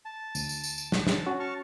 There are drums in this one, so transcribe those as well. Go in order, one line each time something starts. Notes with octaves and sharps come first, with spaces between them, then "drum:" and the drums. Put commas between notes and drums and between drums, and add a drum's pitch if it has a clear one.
A5
D2, drum: tambourine
drum: tambourine
drum: tambourine
drum: tambourine
drum: snare
drum: snare
C#4 F#4
A5 C#6 F6